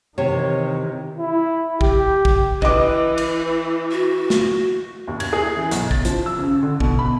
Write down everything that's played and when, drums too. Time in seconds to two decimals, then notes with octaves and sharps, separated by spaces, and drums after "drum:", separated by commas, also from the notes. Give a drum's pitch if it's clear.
0.18 C3 D#3 E3 C#5
1.18 E4
1.81 G4, drum: kick
2.25 drum: kick
2.62 E3 B4 D#5 D6, drum: kick
3.18 drum: cymbal
3.92 F#4
4.30 drum: snare
5.08 D#2
5.20 G#6, drum: cymbal
5.33 G#4
5.57 E3
5.71 B1, drum: hi-hat
5.91 A6, drum: kick
6.05 F3, drum: hi-hat
6.26 E6
6.39 C#3
6.63 D3
6.80 B2, drum: kick
6.99 B5